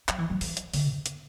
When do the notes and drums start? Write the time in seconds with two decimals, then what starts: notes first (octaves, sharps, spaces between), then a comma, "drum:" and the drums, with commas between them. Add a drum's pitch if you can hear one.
0.09 F#3, drum: clap
0.18 E3
0.30 F#3
0.41 E3, drum: open hi-hat
0.57 drum: hi-hat
0.74 D3, drum: open hi-hat
0.93 E2
1.06 drum: hi-hat